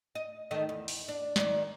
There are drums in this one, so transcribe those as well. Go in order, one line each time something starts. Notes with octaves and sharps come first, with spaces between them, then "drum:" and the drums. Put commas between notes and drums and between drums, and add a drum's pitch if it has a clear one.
D#5
D#3 A3 D#5
E2
drum: open hi-hat
D4
D#3 D5, drum: snare